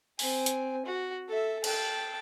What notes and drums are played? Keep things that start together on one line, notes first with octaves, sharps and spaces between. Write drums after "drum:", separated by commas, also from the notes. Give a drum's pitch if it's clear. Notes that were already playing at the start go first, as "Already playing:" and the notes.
C4 G#5, drum: open hi-hat
drum: hi-hat
F#4
A4 E5
G5 A5, drum: cymbal